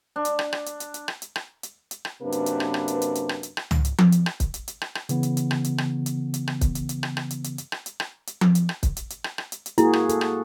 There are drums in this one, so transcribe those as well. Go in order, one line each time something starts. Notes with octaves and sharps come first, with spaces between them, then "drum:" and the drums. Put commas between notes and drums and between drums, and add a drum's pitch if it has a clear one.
D4
drum: hi-hat
drum: rim click
drum: rim click
drum: hi-hat
drum: hi-hat
drum: hi-hat
drum: rim click
drum: hi-hat
drum: rim click
drum: hi-hat
drum: hi-hat
drum: rim click
F#2 C3 A#3 D4 B4
drum: hi-hat
drum: hi-hat
drum: rim click
drum: rim click
drum: hi-hat
drum: hi-hat
drum: hi-hat
drum: rim click
drum: hi-hat
drum: rim click
drum: tom
drum: hi-hat
drum: tom F3
drum: hi-hat
drum: rim click
drum: kick, hi-hat
drum: hi-hat
drum: hi-hat
drum: rim click
drum: rim click
C#3 E3 B3, drum: hi-hat
drum: hi-hat
drum: hi-hat
drum: rim click
drum: hi-hat
drum: rim click
drum: hi-hat
drum: hi-hat
drum: rim click
drum: kick, hi-hat
drum: hi-hat
drum: hi-hat
drum: rim click
drum: rim click
drum: hi-hat
drum: hi-hat
drum: hi-hat
drum: rim click
drum: hi-hat
drum: rim click
drum: hi-hat
drum: tom F3
drum: hi-hat
drum: rim click
drum: kick, hi-hat
drum: hi-hat
drum: hi-hat
drum: rim click
drum: rim click
drum: hi-hat
drum: hi-hat
A#3 E4 F#4 G#4, drum: hi-hat
drum: rim click
A4, drum: hi-hat
drum: rim click